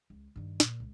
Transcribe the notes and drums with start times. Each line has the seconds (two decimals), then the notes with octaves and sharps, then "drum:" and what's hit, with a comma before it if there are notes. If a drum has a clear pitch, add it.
0.10 C#2
0.36 G2 D#3
0.60 A#2, drum: snare
0.80 C#2